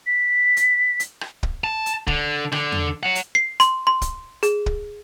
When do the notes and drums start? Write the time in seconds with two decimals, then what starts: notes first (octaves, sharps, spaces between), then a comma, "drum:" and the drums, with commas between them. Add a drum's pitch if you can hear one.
0.06 B6
0.57 drum: hi-hat
1.00 drum: hi-hat
1.21 drum: rim click
1.43 drum: kick
1.64 A5
1.86 drum: hi-hat
2.08 D3, drum: kick
2.52 D3, drum: rim click
2.72 drum: tom E2
3.03 C#5 F#5
3.15 drum: hi-hat
3.35 C7
3.60 C6, drum: hi-hat
3.87 C6
4.02 drum: kick, hi-hat
4.43 G#4, drum: hi-hat
4.66 drum: kick